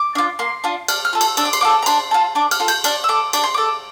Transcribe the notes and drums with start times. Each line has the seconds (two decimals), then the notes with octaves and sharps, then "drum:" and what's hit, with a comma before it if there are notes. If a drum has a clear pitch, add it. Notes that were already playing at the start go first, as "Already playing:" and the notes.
Already playing: D6
0.15 D4 F4
0.39 A#3 C6
0.64 D4 F4
0.88 D4 F6, drum: cymbal
1.05 F6
1.13 F4 A4
1.21 E6, drum: cymbal
1.37 D4 E6, drum: cymbal
1.45 D6
1.53 C6, drum: cymbal
1.61 F4 A4 D6
1.82 A#5
1.86 D4 C6, drum: cymbal
2.11 F4 A4
2.35 D4 D6
2.51 F6, drum: cymbal
2.60 F4 A4
2.68 G6, drum: cymbal
2.84 D4 F6, drum: cymbal
3.04 E6
3.09 A4 D6
3.33 D4 D6, drum: cymbal
3.44 C6
3.54 A4 D6